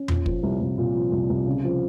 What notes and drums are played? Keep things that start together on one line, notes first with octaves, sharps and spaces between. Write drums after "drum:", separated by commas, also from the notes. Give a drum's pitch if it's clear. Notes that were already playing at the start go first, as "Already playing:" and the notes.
Already playing: C#4
A#2, drum: tom E2
F3, drum: kick
C2
C2
A#2
F3
C2
C2
C#3
F3